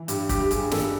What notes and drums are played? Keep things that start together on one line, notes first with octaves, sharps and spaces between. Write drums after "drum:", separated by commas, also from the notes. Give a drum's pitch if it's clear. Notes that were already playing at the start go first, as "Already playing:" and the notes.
Already playing: E3
G2 G4, drum: hi-hat
G2 G4, drum: kick, hi-hat
G4
G2 G#4, drum: hi-hat
G2 A4, drum: snare